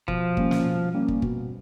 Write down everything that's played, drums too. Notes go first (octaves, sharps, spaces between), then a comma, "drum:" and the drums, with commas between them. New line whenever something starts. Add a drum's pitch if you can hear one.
B2 F3, drum: kick
G3 A#3 C#4, drum: kick
drum: snare
B2
G3 A#3 C#4
drum: kick
B2, drum: kick